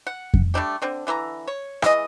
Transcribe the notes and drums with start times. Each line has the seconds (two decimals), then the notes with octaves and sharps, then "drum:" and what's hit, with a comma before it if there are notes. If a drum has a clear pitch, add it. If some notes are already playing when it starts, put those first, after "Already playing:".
0.07 F#5
0.34 drum: kick F2
0.54 G3 A3 D4 G4
0.82 D3 C4 D4
1.07 D3 E3 E5 A#5
1.48 C#5
1.82 E3 G#3 D#5, drum: rim click